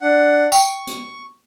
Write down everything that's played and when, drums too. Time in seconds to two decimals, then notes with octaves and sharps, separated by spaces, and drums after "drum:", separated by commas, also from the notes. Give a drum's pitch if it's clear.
0.01 D4 F#5
0.52 G5 C#6, drum: tambourine
0.87 drum: hi-hat